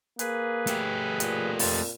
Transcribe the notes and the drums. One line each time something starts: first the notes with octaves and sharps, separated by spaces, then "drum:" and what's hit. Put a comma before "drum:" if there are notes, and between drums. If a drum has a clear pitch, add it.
A#3 G#4 B4, drum: hi-hat
A3 G4, drum: hi-hat
A#2, drum: hi-hat
F2 A6, drum: open hi-hat